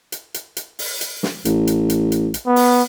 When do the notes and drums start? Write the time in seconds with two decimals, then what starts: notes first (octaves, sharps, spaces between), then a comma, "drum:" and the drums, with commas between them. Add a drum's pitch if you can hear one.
0.12 drum: hi-hat
0.34 drum: hi-hat
0.57 drum: hi-hat
0.79 drum: open hi-hat
1.01 drum: hi-hat
1.23 drum: snare
1.45 A1, drum: hi-hat
1.67 drum: hi-hat
1.90 drum: hi-hat
2.12 drum: hi-hat
2.34 drum: hi-hat
2.46 B3
2.56 drum: open hi-hat